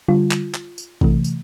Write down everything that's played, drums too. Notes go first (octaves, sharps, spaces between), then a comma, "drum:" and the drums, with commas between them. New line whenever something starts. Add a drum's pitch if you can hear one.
D3 G3 F4
drum: clap
drum: clap
drum: tambourine
C3 E3 A3, drum: kick A#1
drum: tambourine